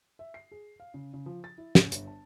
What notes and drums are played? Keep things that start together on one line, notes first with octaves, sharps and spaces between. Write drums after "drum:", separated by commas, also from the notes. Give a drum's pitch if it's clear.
E5
C7
G#4
F5
C#3
C#3
F3
A6
E4
C#3, drum: snare
G1, drum: hi-hat
A5